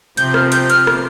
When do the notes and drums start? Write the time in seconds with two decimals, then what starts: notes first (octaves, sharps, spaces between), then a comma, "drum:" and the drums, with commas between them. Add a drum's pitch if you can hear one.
0.17 C3 F3 C4 G6, drum: hi-hat
0.34 F6, drum: rim click
0.52 G6, drum: hi-hat
0.70 F6, drum: hi-hat
0.87 drum: rim click